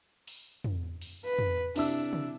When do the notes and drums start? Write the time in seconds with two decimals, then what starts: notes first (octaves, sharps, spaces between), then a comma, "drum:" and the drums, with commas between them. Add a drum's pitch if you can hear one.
0.27 drum: open hi-hat
0.64 drum: tom
1.02 drum: open hi-hat
1.25 B4
1.39 drum: tom
1.76 C3 D4 E4 E6, drum: open hi-hat
2.13 drum: tom